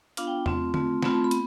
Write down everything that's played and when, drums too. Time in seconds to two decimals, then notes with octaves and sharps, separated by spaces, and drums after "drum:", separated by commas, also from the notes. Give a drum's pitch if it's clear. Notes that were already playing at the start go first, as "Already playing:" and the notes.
0.17 B3 D4 F4 F5, drum: hi-hat
0.27 G5
0.46 A3 C4 F4, drum: tom E2
0.74 A3 C4 F4, drum: tom D3
1.02 A3 C4 F4 B5, drum: snare
1.13 A5
1.24 B5
1.31 B3, drum: hi-hat